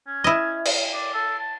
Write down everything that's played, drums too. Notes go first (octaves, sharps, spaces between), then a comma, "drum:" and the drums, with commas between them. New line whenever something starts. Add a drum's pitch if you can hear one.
C#4
E4 D#5
drum: cymbal
D5
A4
A5